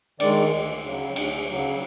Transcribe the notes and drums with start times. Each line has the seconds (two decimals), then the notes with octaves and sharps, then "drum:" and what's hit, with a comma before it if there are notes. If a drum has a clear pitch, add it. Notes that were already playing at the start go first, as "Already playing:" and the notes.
0.20 D#3 G#3 D5, drum: cymbal
0.53 D2
0.84 C#3 F#3
1.16 D2, drum: cymbal
1.48 C#3 F#3